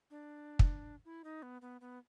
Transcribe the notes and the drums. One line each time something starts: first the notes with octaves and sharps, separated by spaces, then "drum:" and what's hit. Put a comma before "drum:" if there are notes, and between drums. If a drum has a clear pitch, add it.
D4
drum: kick
E4
D#4
B3
B3
B3